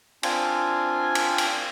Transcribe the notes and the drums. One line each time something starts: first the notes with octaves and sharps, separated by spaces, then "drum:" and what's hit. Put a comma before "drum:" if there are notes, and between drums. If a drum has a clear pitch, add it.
C4 D4 F4 G#5, drum: cymbal
drum: cymbal
drum: cymbal